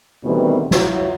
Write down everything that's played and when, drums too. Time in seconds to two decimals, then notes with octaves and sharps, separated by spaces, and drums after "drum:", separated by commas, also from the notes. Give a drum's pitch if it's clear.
0.24 D2 B2 D#3 E3 G3 C4
0.71 F#3 E4 F4, drum: snare